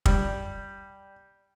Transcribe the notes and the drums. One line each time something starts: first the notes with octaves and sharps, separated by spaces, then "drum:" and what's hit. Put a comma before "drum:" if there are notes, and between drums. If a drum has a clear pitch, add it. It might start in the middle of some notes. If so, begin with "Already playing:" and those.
G3, drum: kick